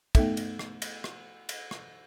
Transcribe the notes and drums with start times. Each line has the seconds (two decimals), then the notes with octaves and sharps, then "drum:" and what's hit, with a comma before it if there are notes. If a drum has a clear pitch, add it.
0.15 A3 B3 D#4 A4 E5, drum: kick, cymbal
0.37 drum: cymbal
0.59 drum: rim click
0.82 drum: cymbal
1.04 drum: rim click
1.49 drum: cymbal
1.71 drum: rim click